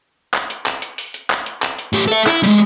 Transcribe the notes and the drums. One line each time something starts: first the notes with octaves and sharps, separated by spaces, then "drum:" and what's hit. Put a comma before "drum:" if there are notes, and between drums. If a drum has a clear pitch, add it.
drum: clap
drum: hi-hat
drum: clap
drum: hi-hat
drum: open hi-hat
drum: hi-hat
drum: clap
drum: hi-hat
drum: clap
drum: hi-hat
A2 G4, drum: open hi-hat
A4 E5, drum: hi-hat
E4, drum: clap
G3 G#3, drum: hi-hat